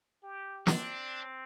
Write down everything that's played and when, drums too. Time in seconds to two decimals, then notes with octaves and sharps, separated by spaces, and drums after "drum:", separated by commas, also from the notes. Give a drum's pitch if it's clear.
0.23 G4
0.67 C4 D4, drum: snare